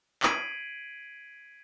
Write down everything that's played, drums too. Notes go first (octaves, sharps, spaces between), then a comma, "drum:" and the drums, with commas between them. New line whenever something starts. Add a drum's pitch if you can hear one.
G#6 B6 C7 D7 D#7 F#7, drum: clap